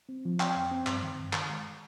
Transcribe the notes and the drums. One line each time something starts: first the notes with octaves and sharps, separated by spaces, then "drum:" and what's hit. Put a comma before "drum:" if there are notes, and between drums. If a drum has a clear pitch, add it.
C4
F3
C4 G5, drum: clap
F2
C4
G2, drum: clap
D#3
G2
D#3, drum: clap
G#3